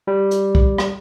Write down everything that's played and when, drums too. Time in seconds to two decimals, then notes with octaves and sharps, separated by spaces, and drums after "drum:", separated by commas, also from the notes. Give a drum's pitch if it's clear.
0.07 G3
0.31 drum: hi-hat
0.55 drum: kick B1
0.78 drum: rim click